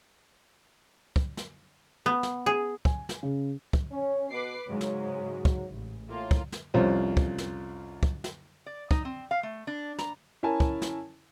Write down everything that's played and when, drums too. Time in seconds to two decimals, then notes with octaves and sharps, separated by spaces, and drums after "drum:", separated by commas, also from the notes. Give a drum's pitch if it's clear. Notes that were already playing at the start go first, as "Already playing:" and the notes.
1.16 drum: kick
1.37 drum: snare
2.06 B3
2.23 drum: snare
2.46 G#4
2.85 G#5, drum: kick
3.09 drum: snare
3.23 C#3
3.73 drum: kick
3.91 C#4
4.30 B2 B4 D6 C7
4.68 G#2 C#3 F#3 G#3
4.81 drum: snare
5.45 drum: kick
5.70 A1
6.10 A2 A#3 F4
6.31 drum: kick
6.52 drum: snare
6.74 C2 F2 C#4 F4 C5
7.17 drum: kick
7.38 drum: snare
8.03 drum: kick
8.24 drum: snare
8.66 D5
8.91 D#4, drum: kick
9.05 C4
9.31 F5
9.43 A3
9.67 D4
9.99 A#5, drum: snare
10.43 C#4 E4 A#4 G#5 A5
10.60 drum: kick
10.82 drum: snare